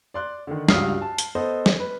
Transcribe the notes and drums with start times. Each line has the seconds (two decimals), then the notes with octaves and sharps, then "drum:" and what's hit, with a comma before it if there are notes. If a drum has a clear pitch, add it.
0.14 D5 C6 F#6
0.47 D3 D#3
0.68 C#2 G2 F#4 D#6 F6 C7, drum: snare
1.02 A5
1.18 drum: hi-hat
1.35 B3 A4 C5 D#5
1.66 drum: snare
1.80 B4